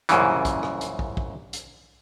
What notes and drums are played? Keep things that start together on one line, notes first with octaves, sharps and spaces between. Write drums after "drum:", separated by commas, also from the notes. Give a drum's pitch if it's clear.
C2 F#2 A#2 C#3 E3, drum: hi-hat
drum: kick, hi-hat
drum: rim click
drum: hi-hat
drum: kick
drum: kick
drum: hi-hat